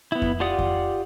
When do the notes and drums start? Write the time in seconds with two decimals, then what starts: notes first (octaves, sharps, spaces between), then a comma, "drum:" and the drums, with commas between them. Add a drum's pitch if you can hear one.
0.12 B3 E4
0.22 drum: kick F2
0.40 F4 G4 D5 F#5 D#6
0.59 drum: kick F2